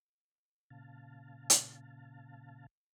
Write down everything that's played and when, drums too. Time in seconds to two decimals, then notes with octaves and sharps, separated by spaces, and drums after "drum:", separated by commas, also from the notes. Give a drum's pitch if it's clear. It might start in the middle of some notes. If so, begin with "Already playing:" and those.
0.70 A#2 C#3 F5 A5
1.50 drum: hi-hat